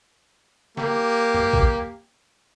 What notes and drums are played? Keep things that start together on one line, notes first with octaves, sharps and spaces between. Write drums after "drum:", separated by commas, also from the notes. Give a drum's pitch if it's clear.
A#3 G4, drum: snare D#3
drum: tom F#2
drum: kick